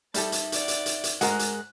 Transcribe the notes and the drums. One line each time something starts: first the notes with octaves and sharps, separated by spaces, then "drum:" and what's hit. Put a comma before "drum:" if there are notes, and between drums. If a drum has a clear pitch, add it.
G3 D#4 G4 A4 E5 A5, drum: hi-hat
drum: hi-hat
D5 F#5, drum: hi-hat
drum: hi-hat
drum: hi-hat
drum: hi-hat
G#2 G#3 F#4 A#4 F#6, drum: hi-hat
drum: hi-hat